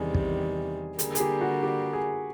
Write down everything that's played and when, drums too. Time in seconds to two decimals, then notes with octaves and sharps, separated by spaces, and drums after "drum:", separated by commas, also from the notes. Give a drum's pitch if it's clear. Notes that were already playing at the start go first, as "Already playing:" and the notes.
Already playing: E2 C3 D#3 G3 G#4
0.14 drum: kick
0.99 D3 G3 A#3 G#4, drum: hi-hat
1.15 G#4, drum: hi-hat
1.20 G4
1.41 F#4
1.63 G4
1.93 G#4